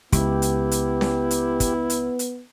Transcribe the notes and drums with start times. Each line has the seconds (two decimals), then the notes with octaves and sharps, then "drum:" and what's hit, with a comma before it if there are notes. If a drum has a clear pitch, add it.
0.12 C#2 B3 E4 G4, drum: kick, hi-hat
0.42 drum: hi-hat
0.71 drum: hi-hat
1.01 drum: snare C#4
1.31 drum: hi-hat
1.60 drum: kick, hi-hat
1.90 drum: hi-hat
2.19 drum: hi-hat